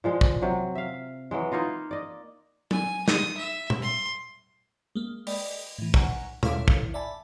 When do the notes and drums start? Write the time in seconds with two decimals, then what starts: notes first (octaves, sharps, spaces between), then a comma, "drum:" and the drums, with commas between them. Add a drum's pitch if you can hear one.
0.04 A#2 F3 G#3
0.21 drum: kick
0.42 C3 F#3
0.75 E5 F5
1.31 E3 F#3 G#3
1.52 A#3 D#4 F4 D#5
1.91 D5 D#5
2.71 G#5, drum: tom F#3
3.08 D#6, drum: snare
3.37 E5
3.70 drum: tom A#2
3.82 C6
4.95 G#3 A#3
5.27 D5 D#5 G5 B5, drum: open hi-hat
5.78 A2 E3
5.94 F#5 G#5 A#5 C#6, drum: kick
6.43 D#2 E4 A4 C#5 F5 D6, drum: tom A#2
6.68 drum: kick
6.94 D5 E5 G#5 A5 B5